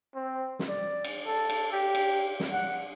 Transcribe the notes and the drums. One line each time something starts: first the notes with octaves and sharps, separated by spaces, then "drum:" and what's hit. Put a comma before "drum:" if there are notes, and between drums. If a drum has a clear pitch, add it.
C4
drum: snare
D5
drum: cymbal
A4
drum: cymbal
G4
drum: cymbal
drum: snare
F#5